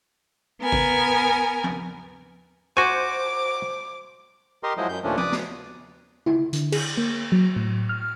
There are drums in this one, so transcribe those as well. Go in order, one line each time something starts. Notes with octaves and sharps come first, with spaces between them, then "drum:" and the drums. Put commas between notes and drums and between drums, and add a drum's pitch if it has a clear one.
B3 A#4 G#5
drum: kick A1
drum: tom F3
F#4 C5 G#5 C#6 D6
G4 A#4 D#5 C6
F3 F#3 G#3 E4 C5 D#5
F#2 G6
D#2 A#2 F3 A3 C#4 D4
B4 D5 D6 D#6, drum: tom F3
drum: snare
E4, drum: tom D3
D3, drum: hi-hat
G#4, drum: cymbal
A#3
F#3
A2
F6